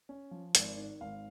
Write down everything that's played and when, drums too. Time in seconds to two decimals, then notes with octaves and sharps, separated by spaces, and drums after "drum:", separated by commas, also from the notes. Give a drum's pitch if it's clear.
0.09 C#4
0.31 F3
0.55 G#1 D5, drum: hi-hat
0.77 D#3
1.01 G#1 F5